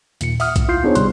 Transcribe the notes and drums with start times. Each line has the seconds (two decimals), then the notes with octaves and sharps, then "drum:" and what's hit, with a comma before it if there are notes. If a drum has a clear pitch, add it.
0.21 D#2 A#2 C#7, drum: hi-hat
0.40 E5 F#5 D#6 F6, drum: open hi-hat
0.56 A2, drum: kick, hi-hat
0.68 D2 E4 F4 G6 C7
0.84 B3 D4 D#4 G#4 C5 C#5
0.95 G1 C3 G3 C6 F#6, drum: hi-hat